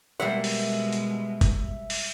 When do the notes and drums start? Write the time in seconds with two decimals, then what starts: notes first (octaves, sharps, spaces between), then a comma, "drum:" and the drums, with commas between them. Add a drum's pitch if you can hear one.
0.20 B2 G3 G#3 A#3 E5 F#5
0.44 drum: open hi-hat
0.93 drum: hi-hat
1.41 drum: kick F#1, hi-hat
1.90 drum: open hi-hat